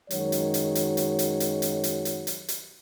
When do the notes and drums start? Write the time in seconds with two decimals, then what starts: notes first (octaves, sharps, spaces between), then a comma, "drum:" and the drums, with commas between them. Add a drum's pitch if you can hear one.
0.11 F#2 D#3 F#3 G#3 F#4 C#5, drum: hi-hat
0.32 drum: hi-hat
0.54 drum: hi-hat
0.75 drum: hi-hat
0.97 drum: hi-hat
1.19 drum: hi-hat
1.40 drum: hi-hat
1.62 drum: hi-hat
1.84 drum: hi-hat
2.05 drum: hi-hat
2.27 drum: hi-hat
2.48 drum: hi-hat